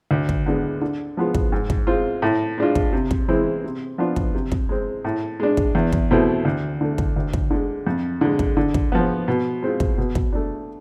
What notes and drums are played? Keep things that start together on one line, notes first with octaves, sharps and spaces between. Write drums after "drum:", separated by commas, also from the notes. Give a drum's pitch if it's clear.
D2
drum: kick
D3 G#3 B3
D3
F3 G#3 B3 F4
drum: kick
G#2
drum: kick
G#3 C4 F4
A2
G#3 D4 F4
drum: kick
C3
drum: kick
E3 G#3 C4 E4
C3
F3 B3 D4 F4
drum: kick
C3
drum: kick
G#3 C4
A2
G#3 D4
drum: kick
E2
drum: kick
B2 A3 C4 E4
D2
D3 A3
drum: kick
D2
drum: kick
D3 G#3
F2
D3 G#3
drum: kick
D3
drum: kick
F3 B3
B2
G#3 C4 F4
drum: kick
B2
drum: kick
A3 D4